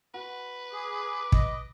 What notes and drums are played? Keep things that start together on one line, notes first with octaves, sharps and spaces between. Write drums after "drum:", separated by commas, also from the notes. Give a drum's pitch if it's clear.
F#4 B4
G#4 D6
D#5, drum: kick